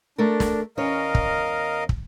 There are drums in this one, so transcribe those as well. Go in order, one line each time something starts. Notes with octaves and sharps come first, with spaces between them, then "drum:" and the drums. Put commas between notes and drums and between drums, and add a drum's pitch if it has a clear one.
A3 D4 A4 A#4
drum: snare
E2 C#4 A#4 C#5 D#5 F5
drum: kick
drum: kick